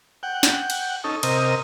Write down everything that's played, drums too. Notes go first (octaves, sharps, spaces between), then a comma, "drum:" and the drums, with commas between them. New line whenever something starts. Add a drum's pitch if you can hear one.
F#5 G5
drum: snare
drum: cymbal
C#4 D#4 A4
C3 A#4 D#5, drum: cymbal